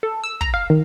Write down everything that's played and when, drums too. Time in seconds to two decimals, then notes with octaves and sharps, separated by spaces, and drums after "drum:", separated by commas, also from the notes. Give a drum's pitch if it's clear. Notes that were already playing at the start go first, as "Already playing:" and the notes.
0.03 A4
0.24 E6
0.41 A#5, drum: kick
0.54 F5
0.70 D#3